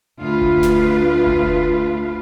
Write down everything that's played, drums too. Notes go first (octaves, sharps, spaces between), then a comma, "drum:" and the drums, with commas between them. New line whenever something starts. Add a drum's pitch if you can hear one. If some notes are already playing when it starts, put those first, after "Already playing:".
D2 F4 B4
drum: kick F1
drum: snare
drum: kick F1